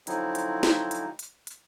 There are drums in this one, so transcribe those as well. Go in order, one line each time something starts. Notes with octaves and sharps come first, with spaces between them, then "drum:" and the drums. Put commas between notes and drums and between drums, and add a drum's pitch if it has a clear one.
D3 F3 F#3 C4 D#4 E4, drum: hi-hat
drum: hi-hat
drum: snare
drum: hi-hat
drum: hi-hat
drum: hi-hat